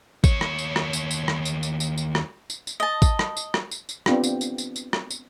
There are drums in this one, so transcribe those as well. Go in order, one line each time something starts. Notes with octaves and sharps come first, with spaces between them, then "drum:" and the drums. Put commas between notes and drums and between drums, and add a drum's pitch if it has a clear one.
D#2 C#5, drum: kick G#1, tambourine
drum: rim click
drum: tambourine
drum: rim click
drum: tambourine
drum: tambourine
drum: rim click
drum: tambourine
drum: tambourine
drum: tambourine
drum: tambourine
drum: rim click
drum: tambourine
drum: tambourine
D#5 A5
drum: kick G#1, tambourine
drum: rim click
drum: tambourine
drum: rim click
drum: tambourine
drum: tambourine
B3 C4 D4 F4 G4, drum: rim click
drum: tambourine
drum: tambourine
drum: tambourine
drum: tambourine
drum: rim click
drum: tambourine